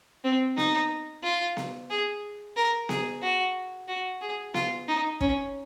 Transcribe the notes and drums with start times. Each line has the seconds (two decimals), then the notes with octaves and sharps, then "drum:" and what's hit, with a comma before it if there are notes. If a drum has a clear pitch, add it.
0.24 C4
0.57 D#4, drum: snare B3
1.23 F4
1.57 drum: snare B3
1.90 G#4
2.56 A#4
2.89 G#4, drum: snare B3
3.22 F#4
3.88 F#4
4.21 G#4
4.54 F4, drum: snare B3
4.88 D#4
5.21 C#4, drum: kick